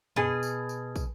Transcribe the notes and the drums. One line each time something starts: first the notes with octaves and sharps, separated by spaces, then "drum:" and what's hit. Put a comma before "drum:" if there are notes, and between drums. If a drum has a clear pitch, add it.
B2 G#4, drum: tom
drum: tambourine
drum: tambourine
drum: kick, tambourine